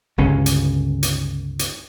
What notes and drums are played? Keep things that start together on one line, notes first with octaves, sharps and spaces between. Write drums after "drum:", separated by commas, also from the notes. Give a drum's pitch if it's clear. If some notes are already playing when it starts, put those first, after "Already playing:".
G1 C#2 C#4
drum: hi-hat
drum: hi-hat
drum: hi-hat